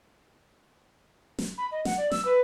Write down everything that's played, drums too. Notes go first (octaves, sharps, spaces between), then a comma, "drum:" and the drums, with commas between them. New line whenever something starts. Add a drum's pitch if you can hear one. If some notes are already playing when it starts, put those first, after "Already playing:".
drum: snare
B5
D#5
F#5, drum: snare
D5
E6, drum: snare
B4